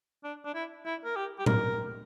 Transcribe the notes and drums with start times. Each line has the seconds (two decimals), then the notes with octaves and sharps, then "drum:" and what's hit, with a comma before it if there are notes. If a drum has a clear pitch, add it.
0.24 D4
0.45 D4
0.55 E4
0.85 E4
1.04 A#4
1.16 G4
1.39 G4
1.46 A#4, drum: tom A2